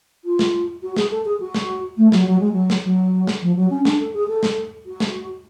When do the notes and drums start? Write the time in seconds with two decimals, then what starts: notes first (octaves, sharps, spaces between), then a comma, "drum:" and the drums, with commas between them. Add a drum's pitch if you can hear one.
0.25 F4
0.39 drum: snare
0.83 F#4
0.96 G#4, drum: snare
1.11 A4
1.25 G#4
1.40 F#4
1.54 drum: snare
1.97 A3
2.12 F#3, drum: snare
2.27 F#3
2.39 G#3
2.52 F#3
2.70 drum: snare
2.84 F#3
3.27 drum: snare
3.42 F3
3.56 F#3
3.70 C#4
3.85 D4, drum: snare
4.00 A4
4.14 G#4
4.28 A4
4.43 drum: snare
4.86 F#4
5.00 drum: snare